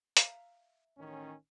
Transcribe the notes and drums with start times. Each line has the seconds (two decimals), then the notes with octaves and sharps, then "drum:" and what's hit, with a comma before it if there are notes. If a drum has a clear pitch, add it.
0.17 E5 F5 A#5, drum: hi-hat
0.98 A1 D#3 C#4